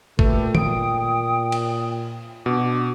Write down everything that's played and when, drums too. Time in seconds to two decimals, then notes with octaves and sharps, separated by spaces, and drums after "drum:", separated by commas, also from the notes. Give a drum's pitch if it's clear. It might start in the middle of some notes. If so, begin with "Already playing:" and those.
0.19 A#2 A3 G4 A4 B4, drum: kick
0.55 G5 D#6 D7, drum: tom D#3
1.52 drum: cymbal
2.46 B2 D4 D6